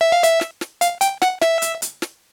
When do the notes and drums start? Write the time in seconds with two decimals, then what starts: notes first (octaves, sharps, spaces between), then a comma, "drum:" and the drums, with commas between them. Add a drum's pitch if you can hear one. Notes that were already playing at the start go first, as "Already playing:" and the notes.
0.01 E5
0.12 F5
0.23 E5, drum: hi-hat
0.41 drum: snare
0.61 drum: snare
0.81 F5, drum: hi-hat
1.01 G5, drum: hi-hat
1.22 F#5, drum: snare
1.42 E5, drum: snare
1.62 drum: hi-hat
1.82 drum: hi-hat
2.02 drum: snare